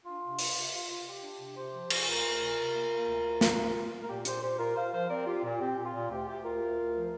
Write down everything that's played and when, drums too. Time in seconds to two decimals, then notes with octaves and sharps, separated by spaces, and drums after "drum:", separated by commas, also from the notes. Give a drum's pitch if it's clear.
0.05 D4 F4
0.22 C3
0.39 F4, drum: open hi-hat
0.56 C3
0.72 F4
0.89 F4
1.06 F4 G4
1.23 D4
1.39 C3
1.56 C3 G4 C5
1.73 F3
1.90 F4, drum: cymbal
2.07 D2 F4 A#4
2.24 D2
2.40 C3
2.58 C3
2.73 A#3
2.91 A#3
3.08 D2
3.24 D2
3.41 D2, drum: snare
3.58 A#3
3.75 A#3
3.91 A#3
4.00 A#4
4.08 A#2 G4
4.25 A#2 G4 C5, drum: hi-hat
4.42 A#2 G4 C5
4.59 A#2 F4 A#4
4.76 F4 C5 F5
4.92 F3 C5 F5
5.09 C4 A#4 D5
5.26 F4 G4
5.44 A#2
5.60 C4 G4
5.77 A#2
5.85 F4
5.94 A#2
6.10 D2 G4
6.27 D2 G4
6.44 D2 F4 A#4
6.61 D2
6.78 D2
6.94 F3